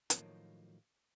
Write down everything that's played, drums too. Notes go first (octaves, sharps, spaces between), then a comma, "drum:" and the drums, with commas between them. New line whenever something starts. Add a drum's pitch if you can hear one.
A2 D#3 F3 F#3 A#3, drum: hi-hat